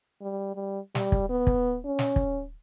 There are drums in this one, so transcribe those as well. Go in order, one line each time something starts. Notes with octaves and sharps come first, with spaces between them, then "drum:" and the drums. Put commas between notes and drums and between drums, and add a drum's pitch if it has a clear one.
G3
G3
G3, drum: snare
drum: kick
B3
drum: kick
C#4
drum: snare
drum: kick